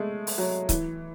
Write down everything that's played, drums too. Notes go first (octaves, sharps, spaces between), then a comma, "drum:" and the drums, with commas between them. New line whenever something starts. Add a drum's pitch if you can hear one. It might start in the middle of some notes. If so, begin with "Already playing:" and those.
Already playing: G#3 A3
drum: open hi-hat
F#3
E3, drum: kick C#1, hi-hat